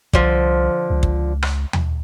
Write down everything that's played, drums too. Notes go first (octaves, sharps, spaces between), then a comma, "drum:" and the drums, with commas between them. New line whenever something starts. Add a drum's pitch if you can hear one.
C2 D3 F3, drum: kick
C#2
drum: kick
drum: rim click
drum: tom D#2